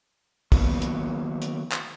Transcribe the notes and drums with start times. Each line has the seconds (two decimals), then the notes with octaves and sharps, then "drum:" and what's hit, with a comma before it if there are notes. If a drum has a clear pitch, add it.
0.52 D#3 F#3 A#3 B3, drum: kick, open hi-hat
0.82 drum: hi-hat
1.42 drum: hi-hat
1.72 drum: clap